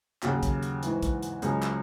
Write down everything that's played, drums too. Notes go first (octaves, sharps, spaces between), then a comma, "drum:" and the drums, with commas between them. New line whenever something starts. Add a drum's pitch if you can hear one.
D#2 C#3 F#3 F#4, drum: clap
drum: kick, hi-hat
drum: hi-hat
G#2 E3, drum: hi-hat
drum: kick, hi-hat
drum: hi-hat
C#2 C#3 F#3 G#4, drum: hi-hat
drum: clap